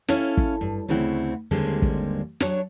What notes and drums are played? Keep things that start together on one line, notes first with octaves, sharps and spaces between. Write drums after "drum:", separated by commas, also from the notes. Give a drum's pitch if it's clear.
C#4 E4 A4 F5, drum: snare
drum: kick
G2
D2 C#3 C4 E4 F#5
D#2 D3 G3 G#3 A#3 C4
drum: kick
F#3 D4 C#5, drum: snare